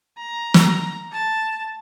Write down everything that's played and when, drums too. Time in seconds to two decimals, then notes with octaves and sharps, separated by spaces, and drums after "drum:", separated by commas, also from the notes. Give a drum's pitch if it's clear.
0.18 A#5
0.54 drum: snare
1.13 A5